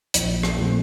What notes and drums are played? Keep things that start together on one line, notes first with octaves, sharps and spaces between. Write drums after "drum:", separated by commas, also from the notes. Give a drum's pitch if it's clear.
A#1, drum: hi-hat
drum: rim click
A#2 F3 A3 C4